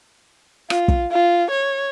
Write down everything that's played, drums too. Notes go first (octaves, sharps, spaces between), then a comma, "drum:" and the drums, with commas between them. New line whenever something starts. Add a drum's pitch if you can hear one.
F4, drum: rim click
drum: kick
F4
C#5